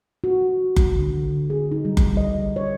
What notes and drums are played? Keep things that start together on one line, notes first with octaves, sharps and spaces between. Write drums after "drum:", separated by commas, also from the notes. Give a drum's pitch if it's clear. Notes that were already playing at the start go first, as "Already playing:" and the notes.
F#4
drum: kick F#1
D3
G#4
D#4
G3
drum: kick F#1
D#5
C#5